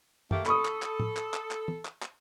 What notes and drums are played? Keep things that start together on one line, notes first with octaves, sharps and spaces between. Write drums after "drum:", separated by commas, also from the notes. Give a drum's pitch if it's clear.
A3 A#3 G4, drum: tom F#2
A4 B5 C#6 D#6, drum: clap
drum: clap
drum: clap
drum: tom A2
drum: clap
drum: clap
drum: clap
drum: tom
drum: clap
drum: clap